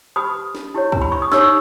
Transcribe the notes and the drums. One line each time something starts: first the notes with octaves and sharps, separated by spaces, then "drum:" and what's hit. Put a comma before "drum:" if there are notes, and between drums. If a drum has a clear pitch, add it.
G4 B4 B5 D#6
drum: snare
E4 G4 C#5
A#5, drum: kick
B5
C#6
D#6
D#4 G4 C#5 C#6 E6, drum: snare